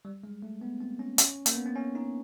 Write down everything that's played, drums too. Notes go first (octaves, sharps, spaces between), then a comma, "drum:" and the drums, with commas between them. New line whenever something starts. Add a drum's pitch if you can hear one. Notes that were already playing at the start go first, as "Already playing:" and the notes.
G3
G#3
A3
B3
C4
C#4
C#4, drum: hi-hat
A#3, drum: hi-hat
B3
C4
C#4
D#4